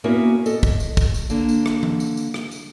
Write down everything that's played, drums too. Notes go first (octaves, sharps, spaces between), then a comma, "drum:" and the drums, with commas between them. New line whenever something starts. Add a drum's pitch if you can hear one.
A#3 B3 C#4 E4 F#4 A#4
A4 D#5, drum: tambourine
drum: kick, tambourine
drum: tambourine
drum: kick, tambourine
drum: tambourine
D3 A#3, drum: tambourine
drum: tambourine
drum: rim click
drum: tom E3
drum: tambourine
drum: tambourine
drum: rim click
drum: tambourine